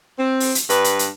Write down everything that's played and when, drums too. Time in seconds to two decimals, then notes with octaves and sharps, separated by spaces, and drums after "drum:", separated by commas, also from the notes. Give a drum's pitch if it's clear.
0.19 C4
0.40 drum: open hi-hat
0.55 drum: hi-hat
0.70 G2 B4, drum: hi-hat
0.84 drum: hi-hat
0.99 drum: hi-hat